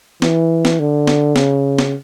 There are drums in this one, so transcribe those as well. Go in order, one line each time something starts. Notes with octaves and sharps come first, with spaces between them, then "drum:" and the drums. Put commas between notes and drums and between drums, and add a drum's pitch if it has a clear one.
E3, drum: snare
drum: snare
D3
drum: snare
C#3, drum: snare
drum: snare